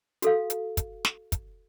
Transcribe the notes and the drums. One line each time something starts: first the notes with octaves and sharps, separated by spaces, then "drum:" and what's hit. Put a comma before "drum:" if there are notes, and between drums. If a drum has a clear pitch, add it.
F#4 A4 F5, drum: hi-hat
drum: hi-hat
drum: kick, hi-hat
drum: snare
drum: kick, hi-hat